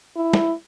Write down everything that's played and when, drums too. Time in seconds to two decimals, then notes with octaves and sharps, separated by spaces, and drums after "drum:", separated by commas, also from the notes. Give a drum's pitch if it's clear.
0.16 E4
0.34 drum: snare